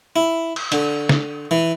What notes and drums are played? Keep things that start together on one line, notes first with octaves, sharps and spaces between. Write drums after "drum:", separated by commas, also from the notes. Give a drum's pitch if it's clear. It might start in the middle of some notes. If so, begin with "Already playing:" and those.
E4
drum: cymbal
D3, drum: hi-hat
drum: snare
E3